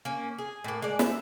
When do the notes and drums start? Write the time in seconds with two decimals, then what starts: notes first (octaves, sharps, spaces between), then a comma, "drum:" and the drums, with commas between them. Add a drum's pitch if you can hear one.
0.05 A#3 C#4
0.38 G#4
0.64 A2 A#3
0.82 G#3 D5
0.99 E5, drum: snare